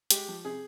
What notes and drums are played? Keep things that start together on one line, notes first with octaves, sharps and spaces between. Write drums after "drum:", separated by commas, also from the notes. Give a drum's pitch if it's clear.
G#3 G4, drum: hi-hat
F3
C3 G#4